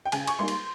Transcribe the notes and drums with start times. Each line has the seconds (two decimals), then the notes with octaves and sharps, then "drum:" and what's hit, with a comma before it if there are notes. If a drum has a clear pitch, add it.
0.05 G5
0.12 C#3 G#5, drum: cymbal
0.27 C#6, drum: cymbal
0.39 G3 A#3 D#4 C6
0.48 drum: cymbal